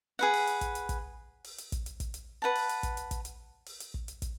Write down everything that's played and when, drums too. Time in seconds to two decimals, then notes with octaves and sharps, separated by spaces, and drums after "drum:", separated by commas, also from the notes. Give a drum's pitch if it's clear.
0.19 G#4 B4 F#5
0.33 drum: open hi-hat
0.47 drum: hi-hat
0.61 drum: kick, hi-hat
0.75 drum: hi-hat
0.89 drum: kick, hi-hat
1.44 drum: open hi-hat
1.58 drum: hi-hat
1.72 drum: kick, hi-hat
1.86 drum: hi-hat
2.00 drum: kick, hi-hat
2.14 drum: hi-hat
2.42 B4 F#5 A5
2.55 drum: open hi-hat
2.69 drum: hi-hat
2.83 drum: kick, hi-hat
2.97 drum: hi-hat
3.11 drum: kick, hi-hat
3.25 drum: hi-hat
3.66 drum: open hi-hat
3.80 drum: hi-hat
3.94 drum: kick
4.08 drum: hi-hat
4.22 drum: kick, hi-hat